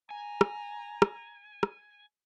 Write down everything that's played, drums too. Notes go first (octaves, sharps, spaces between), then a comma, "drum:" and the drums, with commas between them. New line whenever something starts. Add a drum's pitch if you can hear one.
G#5 A#5
drum: rim click
drum: rim click
drum: rim click